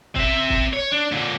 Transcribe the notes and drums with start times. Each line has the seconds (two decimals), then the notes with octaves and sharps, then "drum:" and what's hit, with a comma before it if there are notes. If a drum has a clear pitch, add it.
0.15 C4 E5, drum: kick
0.50 drum: kick
0.73 C#5
0.92 D4
1.12 A#2 D3